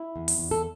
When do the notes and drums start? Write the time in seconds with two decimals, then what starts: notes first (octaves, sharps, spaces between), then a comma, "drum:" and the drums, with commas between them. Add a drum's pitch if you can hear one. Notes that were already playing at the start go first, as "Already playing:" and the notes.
Already playing: E4
0.16 E2
0.28 drum: open hi-hat
0.38 E2
0.51 A4